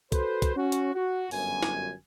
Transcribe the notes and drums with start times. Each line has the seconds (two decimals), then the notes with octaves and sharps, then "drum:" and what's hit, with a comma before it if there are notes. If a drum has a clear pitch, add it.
0.12 F#4 A4 B4 C5, drum: kick, hi-hat
0.42 drum: kick, hi-hat
0.56 C#4 F#4
0.72 drum: hi-hat
0.95 F#4
1.31 G1 F#2 G#5, drum: open hi-hat
1.63 drum: snare